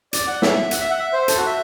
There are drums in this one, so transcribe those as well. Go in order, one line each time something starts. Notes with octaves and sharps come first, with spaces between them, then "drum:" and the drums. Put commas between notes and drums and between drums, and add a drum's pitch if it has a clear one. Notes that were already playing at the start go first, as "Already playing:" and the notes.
D5, drum: hi-hat
F#5
E5, drum: snare
F#5, drum: hi-hat
E5
F#5
E5
C5
A4, drum: hi-hat
F#4
E5